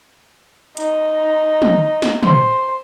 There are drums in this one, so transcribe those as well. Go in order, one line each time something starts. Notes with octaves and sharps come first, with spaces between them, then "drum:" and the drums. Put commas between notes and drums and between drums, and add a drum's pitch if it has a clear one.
D#4, drum: hi-hat
drum: tom
drum: snare
C5, drum: tom